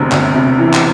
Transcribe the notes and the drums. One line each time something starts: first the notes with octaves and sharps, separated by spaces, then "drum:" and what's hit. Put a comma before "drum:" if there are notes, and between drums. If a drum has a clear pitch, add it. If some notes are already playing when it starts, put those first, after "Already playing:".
Already playing: E1 D2 C3
D2, drum: clap
C3
E3
drum: clap